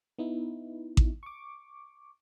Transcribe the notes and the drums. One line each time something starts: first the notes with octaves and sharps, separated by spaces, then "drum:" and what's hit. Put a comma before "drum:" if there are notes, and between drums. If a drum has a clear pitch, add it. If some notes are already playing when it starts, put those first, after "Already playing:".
B3 D#4 E4
drum: kick A1
C#6 D6